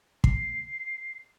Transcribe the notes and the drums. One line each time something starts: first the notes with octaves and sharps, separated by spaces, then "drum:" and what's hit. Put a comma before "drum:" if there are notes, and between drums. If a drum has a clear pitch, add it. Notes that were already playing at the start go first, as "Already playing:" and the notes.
C7, drum: kick